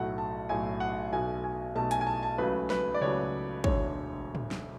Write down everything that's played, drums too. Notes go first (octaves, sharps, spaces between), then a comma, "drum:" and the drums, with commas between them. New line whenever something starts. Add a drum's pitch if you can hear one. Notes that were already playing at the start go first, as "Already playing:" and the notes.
Already playing: B1 A2 F#3 A3 F#5
A5
B1 A2 F#3 A3 G#5
F#5
B1 B2 A3 G#5
G#5
B1 B2 A3 A5
G#5, drum: hi-hat
G#5
A5
A5
C#2 C#3 F#3 A3 B4
B4, drum: snare
D5
C#2 C#3 F#3 A3 C#5
E1 D2 D3 C#5, drum: kick
drum: tom
drum: snare